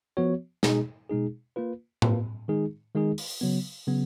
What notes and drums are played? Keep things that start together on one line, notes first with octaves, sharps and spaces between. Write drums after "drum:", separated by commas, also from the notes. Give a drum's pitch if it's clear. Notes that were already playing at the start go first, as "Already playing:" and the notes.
F3 B3 F#4 C#5
B2 G#3 D#4 G#4, drum: snare
B2 G#3 D#4 G#4
A#3 F4 B4
A#3 F4 B4, drum: tom A2
D#3 G#3 D#4 G#4
D#3 G#3 D#4 G#4
drum: open hi-hat
C#3 F#3 B3
C#3 F#3 B3